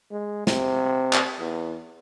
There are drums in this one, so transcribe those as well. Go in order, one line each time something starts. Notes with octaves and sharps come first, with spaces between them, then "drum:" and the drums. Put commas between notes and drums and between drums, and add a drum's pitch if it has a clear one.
G#3
C3, drum: snare
drum: clap
E2